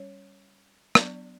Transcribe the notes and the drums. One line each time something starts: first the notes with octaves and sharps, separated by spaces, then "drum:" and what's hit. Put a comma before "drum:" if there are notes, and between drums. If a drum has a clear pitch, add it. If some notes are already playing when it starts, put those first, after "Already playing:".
Already playing: G3 C#4 C#5
F#3 B3 D4 D5, drum: rim click